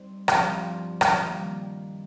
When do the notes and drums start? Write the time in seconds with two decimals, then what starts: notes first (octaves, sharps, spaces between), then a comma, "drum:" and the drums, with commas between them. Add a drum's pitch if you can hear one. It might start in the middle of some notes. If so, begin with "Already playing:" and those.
Already playing: G3 C4 D#4
0.28 G2 F3 C4 G4, drum: rim click
1.01 drum: rim click
1.25 D#3 G3 A#3